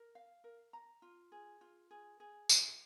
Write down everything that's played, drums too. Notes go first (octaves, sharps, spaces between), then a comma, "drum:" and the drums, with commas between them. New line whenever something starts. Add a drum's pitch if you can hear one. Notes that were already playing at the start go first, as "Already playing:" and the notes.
Already playing: A#4
F5
A#4
A#5
F4
G#4
F4
G#4
G#4
C#5, drum: tambourine